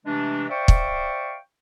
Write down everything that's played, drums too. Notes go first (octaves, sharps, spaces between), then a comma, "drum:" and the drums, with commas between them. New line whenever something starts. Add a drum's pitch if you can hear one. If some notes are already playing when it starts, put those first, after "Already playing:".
C3 E3 G#3 A3 D4
C5 D5 E5 F5 G5 C#6
drum: kick